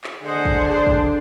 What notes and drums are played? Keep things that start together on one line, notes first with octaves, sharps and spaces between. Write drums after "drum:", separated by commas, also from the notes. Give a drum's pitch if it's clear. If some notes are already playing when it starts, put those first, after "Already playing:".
drum: clap
D3 G#4 C5 D#5 F#5
drum: kick
D4
drum: kick